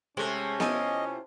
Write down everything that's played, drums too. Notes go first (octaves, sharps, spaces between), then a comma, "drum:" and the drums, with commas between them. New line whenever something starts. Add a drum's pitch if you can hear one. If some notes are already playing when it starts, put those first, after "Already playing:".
C3 G#3 A3 C#4
E4 F4 D#5 G#5, drum: snare B3